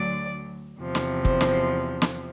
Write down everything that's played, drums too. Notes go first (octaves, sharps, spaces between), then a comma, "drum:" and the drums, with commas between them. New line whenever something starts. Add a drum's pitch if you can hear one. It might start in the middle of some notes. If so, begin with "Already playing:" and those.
Already playing: D2 D3 F#3 D5
E2 C3 F3
drum: snare
C5, drum: kick
drum: snare
drum: snare